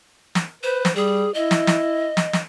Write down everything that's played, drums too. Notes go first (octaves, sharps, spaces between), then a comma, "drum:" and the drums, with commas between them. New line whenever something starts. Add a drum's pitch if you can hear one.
drum: snare
B4 C5
drum: snare
G3 G#4
E4 D#5
drum: snare
drum: snare
drum: snare
drum: snare